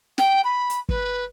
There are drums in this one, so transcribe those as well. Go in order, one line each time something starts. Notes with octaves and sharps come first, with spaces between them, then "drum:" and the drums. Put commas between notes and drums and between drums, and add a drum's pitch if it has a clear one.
G5, drum: snare
B5
drum: hi-hat
B4, drum: kick